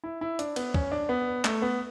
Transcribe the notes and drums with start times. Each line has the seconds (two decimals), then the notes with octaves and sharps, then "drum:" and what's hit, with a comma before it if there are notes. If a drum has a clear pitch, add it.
0.04 E4
0.21 E4
0.39 D4, drum: hi-hat
0.56 B3, drum: cymbal
0.74 C#4, drum: kick
0.92 D4
1.09 B3
1.45 A3, drum: clap
1.62 B3